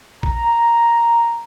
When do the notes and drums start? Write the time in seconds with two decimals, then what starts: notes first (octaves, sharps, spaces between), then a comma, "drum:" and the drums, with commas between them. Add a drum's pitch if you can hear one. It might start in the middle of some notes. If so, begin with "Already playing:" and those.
0.23 A#5, drum: kick A#1